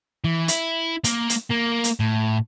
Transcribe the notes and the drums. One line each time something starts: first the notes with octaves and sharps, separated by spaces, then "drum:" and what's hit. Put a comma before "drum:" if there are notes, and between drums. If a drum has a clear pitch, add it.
E3
E4, drum: hi-hat
A#3, drum: hi-hat
drum: hi-hat
A#3
drum: hi-hat
A2